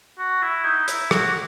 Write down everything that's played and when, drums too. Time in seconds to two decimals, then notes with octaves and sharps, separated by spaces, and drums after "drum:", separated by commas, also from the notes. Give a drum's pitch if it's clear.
0.18 F#4
0.42 E4
0.65 D#4
0.88 E4, drum: hi-hat
1.11 F#4, drum: rim click